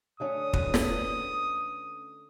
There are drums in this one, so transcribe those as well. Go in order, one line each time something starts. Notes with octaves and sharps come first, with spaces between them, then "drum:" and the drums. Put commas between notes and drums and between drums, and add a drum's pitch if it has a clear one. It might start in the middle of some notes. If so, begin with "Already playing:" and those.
D3 A3 C#4 D#6
F#4 B4, drum: kick
drum: snare